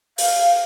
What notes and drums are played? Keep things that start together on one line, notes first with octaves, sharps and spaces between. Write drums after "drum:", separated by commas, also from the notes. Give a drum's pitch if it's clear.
F5, drum: open hi-hat